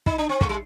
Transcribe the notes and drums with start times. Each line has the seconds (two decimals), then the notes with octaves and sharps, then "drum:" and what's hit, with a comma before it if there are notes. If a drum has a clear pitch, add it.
0.06 D#4, drum: kick
0.18 D4
0.29 C4
0.41 G#3, drum: kick
0.49 G3